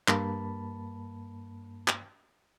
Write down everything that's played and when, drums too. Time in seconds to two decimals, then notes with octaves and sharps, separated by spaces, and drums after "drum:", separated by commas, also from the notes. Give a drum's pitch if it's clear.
0.08 G2 A#3 A5 B5, drum: clap
1.88 drum: clap